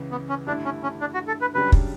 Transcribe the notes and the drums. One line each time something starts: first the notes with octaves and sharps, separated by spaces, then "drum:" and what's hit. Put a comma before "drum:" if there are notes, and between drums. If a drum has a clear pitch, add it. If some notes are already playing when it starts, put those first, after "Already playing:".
Already playing: C#2 C#3 E3
B3
C#4
G2 D3 A3 D4 E4
C#4
C#4
D4
F#4
A4
B4
F#2 C#3 G3 D4 B4
drum: kick